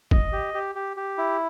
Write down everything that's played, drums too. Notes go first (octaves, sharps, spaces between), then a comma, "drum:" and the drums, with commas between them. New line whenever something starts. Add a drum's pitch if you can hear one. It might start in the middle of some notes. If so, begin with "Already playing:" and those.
D#5, drum: kick
G4
G4
G4
G4
E4